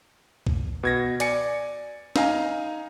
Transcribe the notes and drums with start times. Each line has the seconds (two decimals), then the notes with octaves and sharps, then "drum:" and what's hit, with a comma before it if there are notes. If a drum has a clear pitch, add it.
0.47 drum: kick
0.83 B2 G#6 A#6
1.20 D5 G#5 C#7, drum: hi-hat
2.16 D#4 F5 G#5 A#5, drum: snare